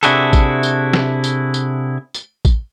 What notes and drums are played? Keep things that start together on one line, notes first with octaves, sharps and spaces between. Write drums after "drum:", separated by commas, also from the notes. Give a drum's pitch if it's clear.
C3 D4 E4 F#4 G#4 A4, drum: tambourine
drum: kick A1, tambourine
drum: tambourine
drum: snare
drum: tambourine
drum: tambourine
drum: tambourine
drum: kick A1, tambourine